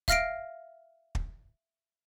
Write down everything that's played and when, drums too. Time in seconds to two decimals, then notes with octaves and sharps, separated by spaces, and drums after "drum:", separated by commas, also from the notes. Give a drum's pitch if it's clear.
0.08 E5 F5 F6 A#6 C7 D7, drum: kick
1.15 drum: kick